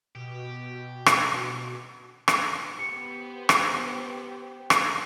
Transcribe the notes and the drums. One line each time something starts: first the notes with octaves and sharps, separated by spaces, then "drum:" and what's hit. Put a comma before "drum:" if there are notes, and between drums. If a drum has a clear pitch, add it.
B2 G4
drum: rim click
drum: rim click
B3 G4 C5 C#7
drum: rim click
drum: rim click